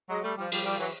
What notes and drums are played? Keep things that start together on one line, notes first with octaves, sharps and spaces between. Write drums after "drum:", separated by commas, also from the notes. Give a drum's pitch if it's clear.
F#3 G#3
G3 A3
F3 G3
F3 G3, drum: cymbal
F3 G3
E3 F#3